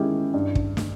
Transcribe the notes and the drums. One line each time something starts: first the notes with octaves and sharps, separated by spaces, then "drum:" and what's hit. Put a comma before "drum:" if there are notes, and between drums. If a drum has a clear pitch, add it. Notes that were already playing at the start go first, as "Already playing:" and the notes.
Already playing: D#3 G#3 C#4 E4 G4
G2
drum: kick
drum: snare